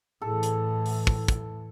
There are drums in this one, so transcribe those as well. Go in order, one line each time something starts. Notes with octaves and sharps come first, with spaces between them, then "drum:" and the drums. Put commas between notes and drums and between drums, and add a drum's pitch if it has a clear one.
A2 E3 A4
drum: hi-hat
drum: open hi-hat
drum: kick
drum: kick, hi-hat